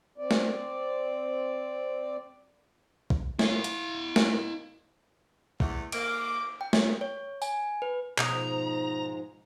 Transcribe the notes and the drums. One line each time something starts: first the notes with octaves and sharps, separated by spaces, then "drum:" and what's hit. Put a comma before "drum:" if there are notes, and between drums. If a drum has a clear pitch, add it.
C4 D5
drum: snare
drum: kick
E4 F5, drum: snare
drum: hi-hat
drum: snare
E2 A3, drum: kick
A#3 D6, drum: cymbal
G5
drum: snare
C#5
G#5, drum: tambourine
B4
G#2 B2 F3 G#3 D#4 A#4 A#5 D#6, drum: clap